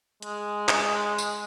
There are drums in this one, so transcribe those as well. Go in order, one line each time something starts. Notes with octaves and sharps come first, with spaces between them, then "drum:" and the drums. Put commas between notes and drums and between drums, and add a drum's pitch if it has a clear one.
G#3, drum: hi-hat
drum: clap
drum: tambourine